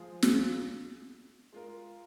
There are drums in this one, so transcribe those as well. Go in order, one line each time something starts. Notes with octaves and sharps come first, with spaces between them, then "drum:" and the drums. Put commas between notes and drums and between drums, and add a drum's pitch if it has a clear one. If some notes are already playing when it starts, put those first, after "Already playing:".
Already playing: F3 G#3 F4 G#4
drum: snare
G#3 F4 A#4